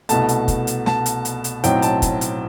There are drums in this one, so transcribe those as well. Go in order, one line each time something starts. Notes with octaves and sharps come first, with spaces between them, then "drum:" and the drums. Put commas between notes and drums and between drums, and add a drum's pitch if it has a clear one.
C2 B2 A3 A5, drum: hi-hat
drum: hi-hat
drum: kick, hi-hat
drum: hi-hat
A5, drum: snare
drum: hi-hat
drum: hi-hat
drum: hi-hat
B1 A2 F#3 C4 G5, drum: hi-hat
A5, drum: hi-hat
drum: kick, hi-hat
drum: hi-hat